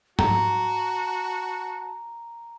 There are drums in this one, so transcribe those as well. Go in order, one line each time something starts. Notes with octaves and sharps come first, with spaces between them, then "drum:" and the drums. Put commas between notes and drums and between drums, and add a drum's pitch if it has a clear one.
F#4 A5 A#5, drum: tom G#2